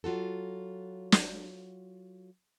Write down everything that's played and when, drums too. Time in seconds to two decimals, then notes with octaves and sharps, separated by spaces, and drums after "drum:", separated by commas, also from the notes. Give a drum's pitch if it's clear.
0.04 F#3 F4 F#4 A4
1.12 drum: snare